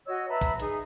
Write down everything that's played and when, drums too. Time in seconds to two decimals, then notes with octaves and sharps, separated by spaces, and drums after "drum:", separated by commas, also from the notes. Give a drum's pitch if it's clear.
0.06 F#4 C#5 D#5 E6
0.28 B4 E5 A5 A#5
0.41 drum: kick, hi-hat
0.60 D#4 G#4, drum: hi-hat